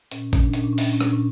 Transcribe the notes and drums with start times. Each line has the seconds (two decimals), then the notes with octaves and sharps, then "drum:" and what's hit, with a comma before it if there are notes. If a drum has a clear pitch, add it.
0.11 A#2 C#4, drum: hi-hat
0.33 A#2 C#4, drum: kick, hi-hat
0.44 D4
0.53 A#2 C#4, drum: hi-hat
0.64 D4
0.73 C#4
0.78 A#2 D4, drum: open hi-hat
0.93 C#4
1.01 A#2 D4, drum: rim click
1.13 C#4